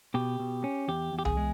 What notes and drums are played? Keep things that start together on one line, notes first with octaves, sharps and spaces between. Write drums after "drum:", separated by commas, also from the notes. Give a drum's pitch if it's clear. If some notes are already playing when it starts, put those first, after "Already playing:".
B2 G4
B2
C#4
E2 G4
E2
G4
G#4, drum: tom C2
G#3